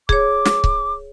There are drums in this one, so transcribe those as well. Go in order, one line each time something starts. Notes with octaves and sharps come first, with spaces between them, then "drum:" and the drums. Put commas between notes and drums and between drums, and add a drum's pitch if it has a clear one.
G#4 C#5 D6, drum: kick C#1
drum: snare
drum: kick C#1